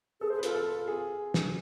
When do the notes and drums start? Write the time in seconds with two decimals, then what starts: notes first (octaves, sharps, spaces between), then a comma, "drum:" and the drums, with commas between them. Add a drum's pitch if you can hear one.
0.21 G#4 A4
0.30 C5
0.32 G#4
0.38 B4
0.43 F4 A4, drum: hi-hat
0.55 A4
0.88 G#4
1.34 drum: snare